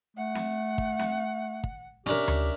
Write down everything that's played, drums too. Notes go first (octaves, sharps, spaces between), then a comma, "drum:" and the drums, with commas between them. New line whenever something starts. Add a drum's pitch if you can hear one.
A3 F#5
drum: snare
drum: kick
drum: snare
drum: kick
C#4 D4 G4 A#4 E5, drum: snare
drum: tom D2